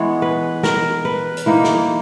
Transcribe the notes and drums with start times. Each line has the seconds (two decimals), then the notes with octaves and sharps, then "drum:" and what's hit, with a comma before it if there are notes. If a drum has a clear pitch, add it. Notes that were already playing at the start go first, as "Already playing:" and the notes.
Already playing: E3 G#3 B3 C#5
0.22 B4
0.63 A#4, drum: snare
1.05 B4
1.37 drum: hi-hat
1.46 E3 A#3 D#4
1.64 drum: snare